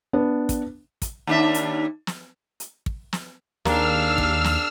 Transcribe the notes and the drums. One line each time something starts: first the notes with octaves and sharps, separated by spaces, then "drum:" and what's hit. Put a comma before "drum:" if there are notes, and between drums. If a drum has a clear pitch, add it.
B3 D4
drum: kick, hi-hat
drum: kick, hi-hat
D#2 D4 E5
drum: hi-hat
drum: snare
drum: hi-hat
drum: kick
drum: snare
D#2 A#3 C4 D4 G#4 F5 E6 F6, drum: snare
drum: kick
drum: snare